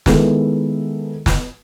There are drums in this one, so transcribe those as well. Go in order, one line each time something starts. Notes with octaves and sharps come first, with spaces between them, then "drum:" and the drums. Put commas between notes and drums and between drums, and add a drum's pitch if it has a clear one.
D#3 G#3 B3 E4 A4, drum: snare
drum: snare